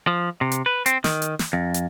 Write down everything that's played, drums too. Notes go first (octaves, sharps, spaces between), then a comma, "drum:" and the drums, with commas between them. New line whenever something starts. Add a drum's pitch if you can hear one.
F3
C3
drum: hi-hat
B4
C4, drum: hi-hat
D#3, drum: snare
drum: hi-hat
drum: snare
F2
drum: hi-hat